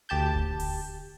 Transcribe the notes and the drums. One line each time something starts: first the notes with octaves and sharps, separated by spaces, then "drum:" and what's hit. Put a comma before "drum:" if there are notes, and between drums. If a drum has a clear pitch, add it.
D2 G4 A5 G6
drum: kick D#1
drum: open hi-hat